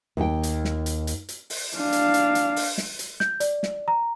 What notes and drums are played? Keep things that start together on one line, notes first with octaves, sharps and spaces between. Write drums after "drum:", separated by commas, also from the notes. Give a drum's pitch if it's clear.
D#2 G5
drum: hi-hat
drum: snare
drum: hi-hat
drum: hi-hat
drum: hi-hat
drum: open hi-hat
D4 F5
drum: hi-hat
drum: hi-hat
drum: hi-hat
drum: open hi-hat
drum: snare
drum: hi-hat
G6, drum: snare
D5, drum: hi-hat
drum: snare
A#5